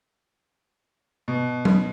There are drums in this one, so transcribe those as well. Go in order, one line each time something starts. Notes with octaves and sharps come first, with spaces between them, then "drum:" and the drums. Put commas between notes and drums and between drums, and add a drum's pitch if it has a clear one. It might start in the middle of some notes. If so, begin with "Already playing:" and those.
B2
drum: tom F#3